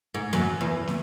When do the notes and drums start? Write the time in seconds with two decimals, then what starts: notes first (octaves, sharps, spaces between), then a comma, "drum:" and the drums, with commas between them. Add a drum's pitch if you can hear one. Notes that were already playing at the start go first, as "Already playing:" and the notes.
0.14 G#2
0.33 F#2, drum: snare
0.61 E2
0.87 drum: snare